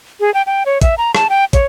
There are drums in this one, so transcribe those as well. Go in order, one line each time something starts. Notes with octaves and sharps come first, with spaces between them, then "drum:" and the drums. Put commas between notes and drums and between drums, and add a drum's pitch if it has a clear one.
G#4
G5
G5
C#5
E5, drum: kick, hi-hat
A#5
A5, drum: rim click
G5
C#5, drum: kick, hi-hat